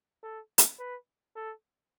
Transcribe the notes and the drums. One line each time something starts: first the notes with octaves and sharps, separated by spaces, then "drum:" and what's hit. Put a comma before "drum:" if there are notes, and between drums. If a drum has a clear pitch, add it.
A4
drum: hi-hat
B4
A4